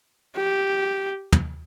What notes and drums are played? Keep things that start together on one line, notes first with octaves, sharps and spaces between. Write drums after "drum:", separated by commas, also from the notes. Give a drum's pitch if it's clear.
G4
drum: tom